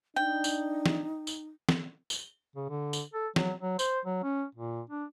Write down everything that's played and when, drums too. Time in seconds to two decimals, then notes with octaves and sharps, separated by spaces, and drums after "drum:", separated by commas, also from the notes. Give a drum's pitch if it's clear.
0.16 D4 D#4 G5
0.44 drum: tambourine
0.86 drum: snare
1.27 drum: tambourine
1.69 drum: snare
2.10 drum: tambourine
2.56 C#3
2.69 D3
2.93 drum: tambourine
3.14 A4
3.36 F#3, drum: snare
3.61 F#3
3.79 C5, drum: tambourine
4.05 F#3
4.23 C#4
4.55 A#2
4.90 D4